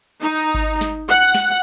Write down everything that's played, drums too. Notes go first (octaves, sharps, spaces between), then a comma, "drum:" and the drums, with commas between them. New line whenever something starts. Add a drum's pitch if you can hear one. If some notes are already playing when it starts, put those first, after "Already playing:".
D#4
drum: kick G#1
drum: snare
F#5
drum: snare